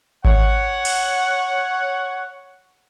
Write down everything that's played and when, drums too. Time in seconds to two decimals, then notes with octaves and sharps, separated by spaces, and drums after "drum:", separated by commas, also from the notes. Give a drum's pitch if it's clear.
0.25 C#5 F#5, drum: kick G#1
0.85 drum: cymbal